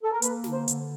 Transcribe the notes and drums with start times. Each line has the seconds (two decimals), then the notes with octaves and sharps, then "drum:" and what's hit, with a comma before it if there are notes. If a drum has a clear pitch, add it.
0.03 A4
0.12 A#4
0.22 A#3 B4, drum: hi-hat
0.44 D3, drum: snare
0.53 C5
0.68 D3, drum: hi-hat